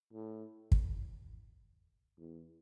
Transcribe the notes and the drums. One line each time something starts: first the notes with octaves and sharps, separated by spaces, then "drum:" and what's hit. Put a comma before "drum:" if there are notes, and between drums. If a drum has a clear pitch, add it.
A2
drum: kick
E2